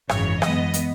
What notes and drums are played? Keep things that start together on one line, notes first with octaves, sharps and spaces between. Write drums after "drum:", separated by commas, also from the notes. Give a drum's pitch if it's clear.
G#1 F#2 C#3 E3 C#5, drum: rim click
F#2 E3 G#3 B3 D#5, drum: rim click
drum: hi-hat